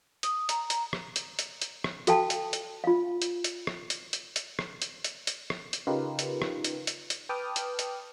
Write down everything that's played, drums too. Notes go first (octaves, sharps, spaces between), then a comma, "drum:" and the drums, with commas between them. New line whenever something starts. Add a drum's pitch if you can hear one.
D#6, drum: hi-hat
A#5, drum: hi-hat
drum: hi-hat
drum: rim click
drum: hi-hat
drum: hi-hat
drum: hi-hat
drum: rim click
F#4 A4 F5 G5 A5, drum: hi-hat
drum: hi-hat
drum: hi-hat
F4 F5
drum: hi-hat
drum: hi-hat
drum: rim click
drum: hi-hat
drum: hi-hat
drum: hi-hat
drum: rim click
drum: hi-hat
drum: hi-hat
drum: hi-hat
drum: rim click
drum: hi-hat
C#3 D#4 F4 G4 A#4 B4
drum: hi-hat
drum: rim click
drum: hi-hat
drum: hi-hat
drum: hi-hat
B4 G5 A5 D6 D#6 F6
drum: hi-hat
drum: hi-hat